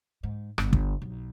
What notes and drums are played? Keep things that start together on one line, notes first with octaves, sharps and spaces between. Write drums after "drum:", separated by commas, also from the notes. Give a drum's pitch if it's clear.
G#2
G1, drum: rim click
drum: kick
B1